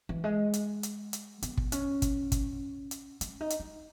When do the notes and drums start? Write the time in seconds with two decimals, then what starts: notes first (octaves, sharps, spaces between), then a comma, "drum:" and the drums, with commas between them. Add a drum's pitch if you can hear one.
0.09 E3
0.24 G#3
0.54 drum: hi-hat
0.83 drum: hi-hat
1.13 drum: hi-hat
1.42 B3, drum: hi-hat
1.57 drum: kick
1.72 C#4, drum: hi-hat
2.02 drum: kick, hi-hat
2.32 drum: kick, hi-hat
2.91 drum: hi-hat
3.21 C#4, drum: hi-hat
3.41 D#4
3.50 drum: hi-hat
3.60 D#4